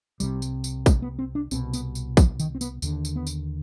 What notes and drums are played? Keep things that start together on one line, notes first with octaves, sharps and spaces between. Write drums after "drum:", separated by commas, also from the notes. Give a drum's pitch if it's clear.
C2 C3 G3, drum: tambourine
drum: tambourine
drum: tambourine
G#3, drum: kick, tambourine
B3
C4
D4
C2 B2 C4, drum: tambourine
B3, drum: tambourine
drum: tambourine
F3, drum: kick, tambourine
D#3, drum: tambourine
C4
B3, drum: tambourine
D#2 D3, drum: tambourine
drum: tambourine
B3
drum: tambourine